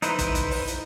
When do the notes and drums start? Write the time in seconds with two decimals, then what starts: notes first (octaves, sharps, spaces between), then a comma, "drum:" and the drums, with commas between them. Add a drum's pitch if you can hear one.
0.02 D#4 E4 B4 C5, drum: hi-hat
0.19 drum: kick, hi-hat
0.35 drum: kick, hi-hat
0.51 drum: open hi-hat
0.68 drum: hi-hat